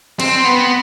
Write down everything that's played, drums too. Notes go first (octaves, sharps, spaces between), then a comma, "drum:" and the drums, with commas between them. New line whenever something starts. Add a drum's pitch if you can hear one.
C4, drum: cymbal
B3